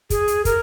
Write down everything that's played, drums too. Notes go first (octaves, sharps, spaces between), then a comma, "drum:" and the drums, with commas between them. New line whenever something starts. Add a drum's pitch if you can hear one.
G#4, drum: kick, hi-hat
drum: hi-hat
A#4, drum: kick, hi-hat